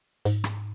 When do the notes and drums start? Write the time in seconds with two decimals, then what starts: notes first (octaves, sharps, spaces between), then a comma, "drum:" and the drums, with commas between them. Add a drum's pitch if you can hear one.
0.25 G#2, drum: hi-hat
0.44 drum: rim click